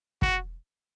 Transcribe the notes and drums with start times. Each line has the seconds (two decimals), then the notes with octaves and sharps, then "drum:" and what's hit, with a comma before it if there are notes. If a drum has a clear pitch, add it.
0.22 F#4, drum: kick